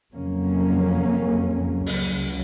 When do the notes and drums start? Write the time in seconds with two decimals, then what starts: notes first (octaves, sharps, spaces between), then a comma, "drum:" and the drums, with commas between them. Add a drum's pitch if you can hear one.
0.13 F2 C#3 F#3 A#3 C#4
1.86 C#2 C#3 F#3, drum: open hi-hat